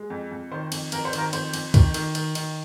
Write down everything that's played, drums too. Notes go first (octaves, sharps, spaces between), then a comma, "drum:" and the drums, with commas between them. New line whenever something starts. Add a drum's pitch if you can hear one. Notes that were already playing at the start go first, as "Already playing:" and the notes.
Already playing: G#3
F2
F2
D#3 C5
F2, drum: cymbal
F2 A#4, drum: cymbal
C5
D#3 A#4, drum: cymbal
F2 C5, drum: cymbal
F2, drum: cymbal
D#3, drum: kick, cymbal
D#3, drum: cymbal
D#3, drum: cymbal
D#3, drum: cymbal